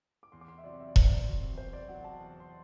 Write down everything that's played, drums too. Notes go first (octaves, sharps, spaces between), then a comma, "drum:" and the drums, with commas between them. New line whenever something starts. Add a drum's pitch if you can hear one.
D6
E2 C6
D6
C6
E5
C3 F#3 C4 D5
E5
D5
E2 C5, drum: kick E1
D5
C3 F#3 C4
E2 C5
D5
C3 F#3 C4 F#5
A5
E2
C6